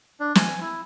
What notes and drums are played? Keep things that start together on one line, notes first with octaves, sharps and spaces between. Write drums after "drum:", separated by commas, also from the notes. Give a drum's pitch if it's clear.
D4
G#5, drum: snare
E4